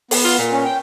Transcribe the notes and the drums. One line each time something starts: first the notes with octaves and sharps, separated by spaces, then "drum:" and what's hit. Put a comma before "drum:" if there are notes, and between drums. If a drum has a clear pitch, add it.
B3, drum: open hi-hat
F4
A#2
C#4
G5